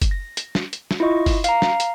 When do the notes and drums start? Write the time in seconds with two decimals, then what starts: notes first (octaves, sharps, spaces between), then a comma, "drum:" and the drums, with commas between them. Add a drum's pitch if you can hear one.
0.02 drum: kick F#1, hi-hat
0.11 A#6
0.37 drum: hi-hat
0.55 drum: snare
0.73 drum: hi-hat
0.91 drum: snare
1.00 E4 F4 D#5 C#6
1.26 drum: kick F#1, open hi-hat
1.44 F5 A#5, drum: hi-hat
1.62 drum: snare
1.80 drum: hi-hat